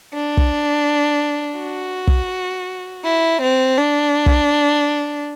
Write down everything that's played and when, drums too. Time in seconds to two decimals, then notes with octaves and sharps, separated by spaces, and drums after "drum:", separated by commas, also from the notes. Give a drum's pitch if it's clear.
0.14 D4
0.37 drum: kick
1.59 F#4
2.07 drum: kick
3.05 E4
3.42 C4
3.77 D4
4.26 drum: kick